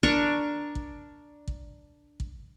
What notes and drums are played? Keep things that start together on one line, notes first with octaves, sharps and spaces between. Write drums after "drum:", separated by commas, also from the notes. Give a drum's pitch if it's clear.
D4 A#4 C#6, drum: kick
drum: kick
drum: kick
drum: kick